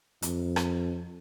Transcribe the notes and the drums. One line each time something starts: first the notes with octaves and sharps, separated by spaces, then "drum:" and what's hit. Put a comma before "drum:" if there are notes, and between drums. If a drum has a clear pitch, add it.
F2, drum: hi-hat
drum: rim click